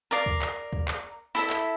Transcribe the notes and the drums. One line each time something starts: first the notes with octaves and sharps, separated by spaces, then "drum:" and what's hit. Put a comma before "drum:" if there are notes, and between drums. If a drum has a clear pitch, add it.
A#4 D5 F5
drum: kick
drum: clap
drum: kick
drum: clap
E4 A4 E5
drum: clap